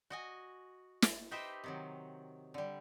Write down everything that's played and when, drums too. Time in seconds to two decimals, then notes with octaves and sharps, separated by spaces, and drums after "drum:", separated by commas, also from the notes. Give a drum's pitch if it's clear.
0.10 F#4 D#5 G#5
1.02 drum: snare
1.31 D#4 G4 B4 C5 D#5 E5
1.64 C3 D#3 F#3
2.54 D3 G3